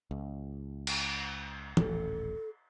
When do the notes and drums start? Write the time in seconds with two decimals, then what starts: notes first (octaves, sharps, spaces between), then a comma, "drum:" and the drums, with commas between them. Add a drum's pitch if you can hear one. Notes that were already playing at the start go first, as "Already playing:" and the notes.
0.11 C#2
0.87 drum: cymbal
1.77 D#1 A1 A4, drum: tom